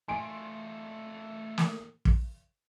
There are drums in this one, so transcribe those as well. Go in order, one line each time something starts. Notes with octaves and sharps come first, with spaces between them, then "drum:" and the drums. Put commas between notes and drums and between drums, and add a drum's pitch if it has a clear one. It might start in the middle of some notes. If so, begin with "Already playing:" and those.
A3 F4 G#5 C6 D7
drum: snare
drum: kick